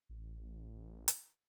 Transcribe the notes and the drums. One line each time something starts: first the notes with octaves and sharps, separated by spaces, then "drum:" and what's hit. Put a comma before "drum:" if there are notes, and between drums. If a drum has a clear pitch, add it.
A1
drum: hi-hat